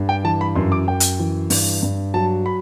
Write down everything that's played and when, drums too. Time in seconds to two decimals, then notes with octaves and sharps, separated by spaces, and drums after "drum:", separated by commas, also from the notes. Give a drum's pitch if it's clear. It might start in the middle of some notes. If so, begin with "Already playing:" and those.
Already playing: G2
0.09 G5
0.24 E3 A5
0.41 B5
0.55 F#2 C6
0.72 D6
0.87 F#2 G5
1.00 drum: hi-hat
1.19 E3
1.50 G2, drum: open hi-hat
1.83 G2
2.14 F#3 A5
2.46 B5